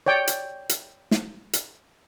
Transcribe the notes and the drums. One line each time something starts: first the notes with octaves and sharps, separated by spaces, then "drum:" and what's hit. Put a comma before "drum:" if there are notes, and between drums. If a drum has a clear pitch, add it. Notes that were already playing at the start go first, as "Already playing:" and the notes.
C#5 D5 G5
drum: hi-hat
drum: hi-hat
drum: snare
drum: hi-hat